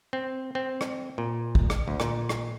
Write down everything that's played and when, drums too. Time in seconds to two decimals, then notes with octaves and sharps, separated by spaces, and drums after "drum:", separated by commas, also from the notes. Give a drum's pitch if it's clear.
0.13 C4
0.55 C4
0.81 drum: rim click
1.18 A#2
1.55 drum: kick
1.70 drum: rim click
1.88 D2
2.00 A#2, drum: rim click
2.29 drum: rim click